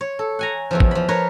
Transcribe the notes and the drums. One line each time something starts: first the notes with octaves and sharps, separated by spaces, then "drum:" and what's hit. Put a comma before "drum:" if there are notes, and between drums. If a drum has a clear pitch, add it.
C#5
A4
F#5 G#5 A#5
E2 E3 F3
drum: kick
F3 B5
A#4 B4 C#5